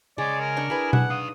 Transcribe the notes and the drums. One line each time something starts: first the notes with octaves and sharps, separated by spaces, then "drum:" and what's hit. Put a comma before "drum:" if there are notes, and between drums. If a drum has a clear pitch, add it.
C#3 G#3 C#5 D5 G#5
A#4
D4 C#6
E4 G#4 B4 G#5
F#5, drum: tom B2
D#4 F5 D#6